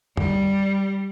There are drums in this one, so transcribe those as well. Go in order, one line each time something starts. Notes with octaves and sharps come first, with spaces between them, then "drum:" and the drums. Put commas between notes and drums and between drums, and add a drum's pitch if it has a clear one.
G3, drum: tom